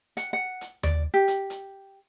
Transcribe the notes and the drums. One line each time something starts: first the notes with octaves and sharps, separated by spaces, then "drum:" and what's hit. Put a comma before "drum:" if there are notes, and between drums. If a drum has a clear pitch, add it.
F#5, drum: hi-hat
F#5
drum: hi-hat
D5, drum: tom D#2
G4
drum: hi-hat
drum: hi-hat